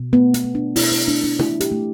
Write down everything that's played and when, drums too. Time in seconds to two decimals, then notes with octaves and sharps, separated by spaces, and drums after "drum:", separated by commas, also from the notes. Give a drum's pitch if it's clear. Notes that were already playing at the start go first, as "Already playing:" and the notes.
Already playing: B2
0.13 A3 B3
0.34 B3, drum: hi-hat
0.44 A3
0.55 D4
0.76 B2 E4, drum: open hi-hat
0.92 E4
1.08 A3 D4
1.24 D4
1.39 A3 E4, drum: tom B2
1.61 G4, drum: hi-hat
1.71 A3